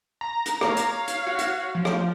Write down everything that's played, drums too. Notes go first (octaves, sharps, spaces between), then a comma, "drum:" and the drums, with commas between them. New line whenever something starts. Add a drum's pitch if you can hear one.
A#5
drum: hi-hat
C#5 F5, drum: rim click
drum: hi-hat
drum: hi-hat
F#4
drum: hi-hat
F3
drum: rim click